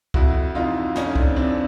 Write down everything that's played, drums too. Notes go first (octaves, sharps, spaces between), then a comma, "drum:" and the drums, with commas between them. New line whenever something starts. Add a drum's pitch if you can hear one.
F2 E4 F#4, drum: kick C2
C3 E3 D#4 F4
F2 C#4 D#4, drum: snare
C4 D4, drum: kick C2
C3 E3 C4 D4